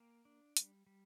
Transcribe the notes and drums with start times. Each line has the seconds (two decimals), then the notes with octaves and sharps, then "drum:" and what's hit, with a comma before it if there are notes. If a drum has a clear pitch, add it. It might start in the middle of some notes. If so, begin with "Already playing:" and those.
Already playing: A#3 F5 G5
0.25 D4
0.57 G3, drum: hi-hat
0.87 G3